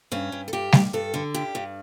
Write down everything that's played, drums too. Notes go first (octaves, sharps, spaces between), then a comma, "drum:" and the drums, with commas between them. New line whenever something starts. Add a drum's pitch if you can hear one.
G2 C#4
G2
A4
G2 G4
G2, drum: snare G3
G2 A4
D3
G2 G4
G2